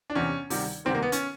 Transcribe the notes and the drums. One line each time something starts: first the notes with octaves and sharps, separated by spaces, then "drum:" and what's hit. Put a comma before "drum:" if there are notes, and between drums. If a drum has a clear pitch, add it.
D4
E2 C3 E3 C#4
D2 C3 D#3 G3, drum: open hi-hat
D2 C3 D#3 G3 C4
A#3
B3
C#4, drum: hi-hat